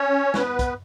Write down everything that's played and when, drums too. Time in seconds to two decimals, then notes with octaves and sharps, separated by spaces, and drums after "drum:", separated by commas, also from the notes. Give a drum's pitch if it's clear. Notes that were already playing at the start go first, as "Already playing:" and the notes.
Already playing: C#4 C#5
0.34 B3 B4, drum: snare
0.59 drum: kick, hi-hat